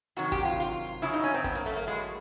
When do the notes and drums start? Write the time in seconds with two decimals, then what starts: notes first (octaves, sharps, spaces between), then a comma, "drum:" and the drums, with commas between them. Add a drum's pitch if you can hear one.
0.16 F2 C3 D#3 F#3 F#4
0.32 G4, drum: kick G#1, hi-hat
0.45 F4
0.60 F4, drum: hi-hat
0.88 drum: hi-hat
1.02 F#2 C#3 F#3 E4
1.14 D#4, drum: hi-hat
1.24 C#4
1.34 C4
1.44 B3, drum: kick G#1, hi-hat
1.55 A#3
1.66 A3
1.76 A#3
1.87 A2 F#3 G#3